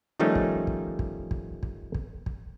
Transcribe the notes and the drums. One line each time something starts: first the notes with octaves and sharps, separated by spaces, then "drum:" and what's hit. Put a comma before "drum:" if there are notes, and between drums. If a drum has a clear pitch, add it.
D#3 F3 G3 A3 C#4 D#4
drum: kick
drum: kick
drum: kick
drum: kick
drum: kick
drum: kick
drum: kick